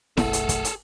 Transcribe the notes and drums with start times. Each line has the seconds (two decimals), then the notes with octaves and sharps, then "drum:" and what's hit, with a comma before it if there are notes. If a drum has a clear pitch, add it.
0.17 F#1 B1 A3 G#4 A4 F#5, drum: snare E4
0.33 drum: hi-hat
0.49 drum: kick, hi-hat
0.65 drum: hi-hat